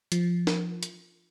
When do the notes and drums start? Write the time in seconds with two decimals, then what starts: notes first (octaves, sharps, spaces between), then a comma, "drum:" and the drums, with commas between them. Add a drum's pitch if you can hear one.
0.12 F3, drum: hi-hat
0.47 drum: snare
0.83 drum: hi-hat